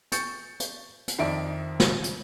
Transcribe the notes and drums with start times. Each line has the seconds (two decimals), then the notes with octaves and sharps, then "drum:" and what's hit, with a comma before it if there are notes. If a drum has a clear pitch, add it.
0.12 C#6 G6 A6 C#7, drum: hi-hat
0.60 drum: hi-hat
1.08 drum: hi-hat
1.19 F2 D#3 D5 E5 D7
1.80 drum: snare
2.04 drum: hi-hat